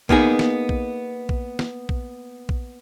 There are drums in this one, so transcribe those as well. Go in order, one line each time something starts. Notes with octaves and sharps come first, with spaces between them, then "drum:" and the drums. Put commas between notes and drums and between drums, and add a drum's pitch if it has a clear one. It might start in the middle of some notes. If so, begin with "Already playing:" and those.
A#3 B3 D#4 G#4, drum: kick A#1
drum: snare
drum: kick A#1
drum: kick A#1
drum: snare
drum: kick A#1
drum: kick A#1